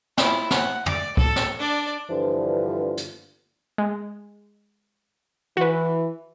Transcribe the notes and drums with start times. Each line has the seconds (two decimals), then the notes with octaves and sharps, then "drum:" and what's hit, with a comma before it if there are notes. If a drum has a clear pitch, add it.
0.18 E4 F4, drum: snare
0.50 F#5, drum: snare
0.86 D5, drum: tom
1.17 A4, drum: kick
1.36 drum: snare
1.59 D4 D5
2.10 G2 D3 E3 F3
2.97 drum: hi-hat
3.78 G#3
5.57 E3 F#4 B4